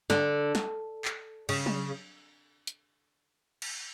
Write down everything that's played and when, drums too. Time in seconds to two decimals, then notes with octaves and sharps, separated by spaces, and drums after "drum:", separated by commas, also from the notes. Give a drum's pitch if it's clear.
0.10 D3, drum: snare
0.55 drum: snare
1.05 drum: clap
1.49 C#3, drum: cymbal
1.66 drum: tom F#3
2.67 drum: hi-hat
3.62 drum: cymbal